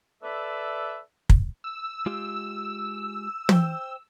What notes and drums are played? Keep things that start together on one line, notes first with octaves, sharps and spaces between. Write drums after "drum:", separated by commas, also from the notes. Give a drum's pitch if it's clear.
A4 B4 D5 E5
drum: kick
E6
G#3 F4 G4
C5 G5, drum: tom